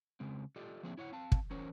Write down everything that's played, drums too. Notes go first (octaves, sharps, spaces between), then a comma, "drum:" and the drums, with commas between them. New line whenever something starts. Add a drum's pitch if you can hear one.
C#3 G#3 C4
F4 G4 A4 D5 D#5
F3 A#3 C4 G#4 D5 E5
E4 C#5 D#5 F#5
C4 F5 A5
drum: kick
E3 C#4 A#4 C5 C#5